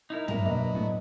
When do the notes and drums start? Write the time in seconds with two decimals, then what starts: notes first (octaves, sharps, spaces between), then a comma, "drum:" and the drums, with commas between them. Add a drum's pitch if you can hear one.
0.10 D#4 E4 A#4
0.28 F#3 D4 A#4 B4 E5 A#5, drum: tom
0.46 B2 A#3 D#5
0.74 A2 A3 B3